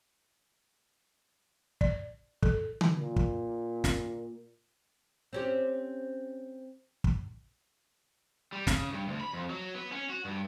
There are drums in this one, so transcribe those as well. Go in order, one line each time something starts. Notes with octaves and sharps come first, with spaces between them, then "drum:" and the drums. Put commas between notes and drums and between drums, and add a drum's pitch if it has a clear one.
D5, drum: kick
A4, drum: kick
drum: tom D3
A#2
drum: kick
drum: snare
C4 C#4 G4
drum: kick
G3
C#3, drum: snare
G2
D2
B5
F2
F#3
B3
C#4
F#4
G2